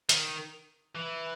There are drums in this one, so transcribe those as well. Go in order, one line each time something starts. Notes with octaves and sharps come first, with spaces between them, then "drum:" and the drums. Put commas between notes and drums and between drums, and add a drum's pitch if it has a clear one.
D#3, drum: hi-hat
E3